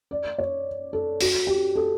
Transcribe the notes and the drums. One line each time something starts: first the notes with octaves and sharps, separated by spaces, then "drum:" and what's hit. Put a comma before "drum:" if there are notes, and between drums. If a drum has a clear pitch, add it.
D5
C#5
A4
F#4, drum: open hi-hat
G4
A4